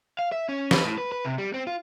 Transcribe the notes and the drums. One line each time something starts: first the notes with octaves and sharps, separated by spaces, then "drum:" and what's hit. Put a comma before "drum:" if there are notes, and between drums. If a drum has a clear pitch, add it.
F5
E5
C#4
B4, drum: snare
A2
B4
B4
C3
G3
C4
F4